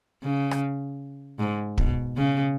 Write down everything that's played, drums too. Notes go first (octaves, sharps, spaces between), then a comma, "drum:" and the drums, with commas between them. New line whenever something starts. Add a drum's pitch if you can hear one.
C#3
drum: rim click
G#2
B2, drum: kick
C#3